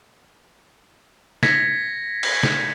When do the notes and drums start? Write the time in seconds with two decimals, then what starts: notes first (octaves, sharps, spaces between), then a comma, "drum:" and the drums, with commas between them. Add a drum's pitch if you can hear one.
1.43 G#6 A#6 B6 C#7, drum: snare
2.23 drum: cymbal
2.43 drum: snare